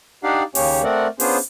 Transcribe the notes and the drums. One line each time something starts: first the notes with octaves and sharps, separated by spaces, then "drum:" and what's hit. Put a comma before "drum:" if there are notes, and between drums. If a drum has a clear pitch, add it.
D4 D#4 G4 D5 F5 F#5
D#2 C#3 A#3 C#4 G4 C#5, drum: open hi-hat
A3 C4 A#4 D5 F#5
B3 C#4 D4 F4 G#4 C5, drum: open hi-hat